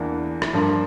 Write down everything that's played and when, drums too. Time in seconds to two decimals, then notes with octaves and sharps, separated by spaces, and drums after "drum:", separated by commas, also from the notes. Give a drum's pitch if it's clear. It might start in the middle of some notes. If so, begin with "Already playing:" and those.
Already playing: E2 E3 A#3 D4
0.42 drum: rim click
0.53 G2 F3 A#3 D4 F4